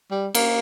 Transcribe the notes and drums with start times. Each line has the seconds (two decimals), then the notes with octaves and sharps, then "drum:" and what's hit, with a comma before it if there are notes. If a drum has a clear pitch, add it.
0.11 G3
0.35 A#3, drum: cymbal